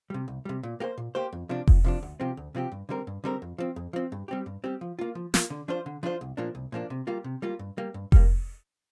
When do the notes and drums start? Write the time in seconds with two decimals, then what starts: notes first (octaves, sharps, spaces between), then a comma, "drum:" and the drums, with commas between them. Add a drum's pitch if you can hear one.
0.10 C3 G3
0.28 C2
0.45 C3 G3
0.63 A#2
0.80 A#3 G4 C5
0.98 A#2
1.15 A#3 G4 C5
1.33 F2
1.49 C3 F3 D4
1.67 F2, drum: kick F1
1.84 C3 F3 D4
2.03 D2
2.20 C3 F3 C4 G4
2.37 D2
2.55 C3 F3 C4 G4
2.72 G2
2.89 D3 G3 C4 A#4
3.07 G2
3.24 D3 G3 C4 A#4
3.42 F2
3.58 F3 C4
3.76 F2
3.93 F3 C4
4.12 G2
4.28 G3 C4 G4
4.46 G2
4.64 G3 C4 G4
4.81 F3
4.99 A#3 F4
5.15 F3
5.34 A#3 F4, drum: snare
5.50 D3
5.68 F3 D4 F4 C5
5.86 D3
6.03 F3 D4 F4 C5
6.21 C2
6.37 A#2 F3 A#3 D4
6.55 C2
6.72 A#2 F3 A#3 D4
6.90 C3
7.07 G3 A#3 F4
7.24 C3
7.42 G3 A#3 F4
7.59 G2
7.78 G3 A#3
7.94 G2
8.12 G3 A#3, drum: kick F1